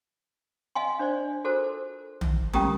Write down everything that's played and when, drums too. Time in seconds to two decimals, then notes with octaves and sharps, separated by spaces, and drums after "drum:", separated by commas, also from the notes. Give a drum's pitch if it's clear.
0.75 D#5 F5 G#5 C6
0.99 D4 C5 D5
1.44 F4 F#4 A4 A#4 C5
2.21 drum: tom
2.53 C#4 F4 G4 A#4 A#5 D#6, drum: tom